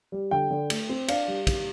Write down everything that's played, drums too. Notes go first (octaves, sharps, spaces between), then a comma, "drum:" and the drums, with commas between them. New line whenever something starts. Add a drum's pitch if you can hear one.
G3
D3 G5
D3
A3, drum: cymbal
C4
D4 F5, drum: cymbal
G3
G3, drum: kick, cymbal